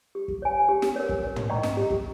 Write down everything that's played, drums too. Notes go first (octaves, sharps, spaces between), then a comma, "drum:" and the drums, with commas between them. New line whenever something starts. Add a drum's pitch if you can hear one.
G4
drum: kick
C#5 G#5
G4
drum: snare
A#4 C#5
drum: kick
A#4
drum: tom
D#5 G5 A#5 C#6
drum: snare
G4
drum: kick